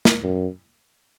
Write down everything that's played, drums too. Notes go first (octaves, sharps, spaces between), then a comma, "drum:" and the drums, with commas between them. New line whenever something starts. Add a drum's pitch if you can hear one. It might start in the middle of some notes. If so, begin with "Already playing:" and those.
drum: snare
F#2